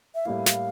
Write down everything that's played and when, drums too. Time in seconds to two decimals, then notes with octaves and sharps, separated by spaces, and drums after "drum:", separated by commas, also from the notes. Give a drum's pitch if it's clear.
0.15 E5
0.25 A2 G3 A#3 E4 F5
0.46 drum: snare